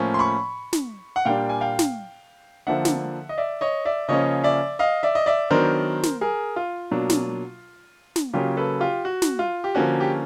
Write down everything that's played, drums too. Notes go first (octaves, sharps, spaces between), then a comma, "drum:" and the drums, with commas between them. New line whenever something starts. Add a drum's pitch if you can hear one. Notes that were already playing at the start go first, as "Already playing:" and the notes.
Already playing: A2 F3 A#3 C#4
C6
B5 C#6
drum: snare
F#5
A#2 G3 A#3 D4 F5 G5
G#5
F5 G5
drum: snare
D3 F3 A#3 D4 E5 F#5
drum: snare
D#5
D5 E5
C#5 D#5
D5 E5
C#3 F3 A#3 C#4 C#5 D#5
D5 E5
D#5 F5
D5 E5
D#5
D5 E5
D#3 F#3 B3 D4 A#4 C5
drum: snare
G#4 A#4
F4
B2 F#3 A#3 D4
drum: snare
drum: snare
C#3 F#3 A#3 C#4 F4 G4
A4 B4
F4 G4
F#4
drum: snare
F4
G4
D3 F3 A#3 C#4 F#4
G4